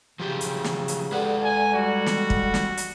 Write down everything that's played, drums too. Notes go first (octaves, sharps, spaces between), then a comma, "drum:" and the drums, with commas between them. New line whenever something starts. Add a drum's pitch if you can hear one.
C#3 F3 F#3 G4
drum: hi-hat
drum: snare
drum: hi-hat
G#3 A4 B4 D5 F#5
G#5
G3 F#4
drum: snare
drum: kick
drum: snare
drum: hi-hat